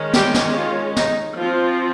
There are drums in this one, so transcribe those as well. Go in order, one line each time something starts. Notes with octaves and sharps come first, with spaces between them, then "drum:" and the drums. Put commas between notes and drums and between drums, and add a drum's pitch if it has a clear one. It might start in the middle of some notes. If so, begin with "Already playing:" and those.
Already playing: D#3 G#3 C#4
G3 G4, drum: snare
drum: snare
F4
D#4, drum: snare
F3 C4 F4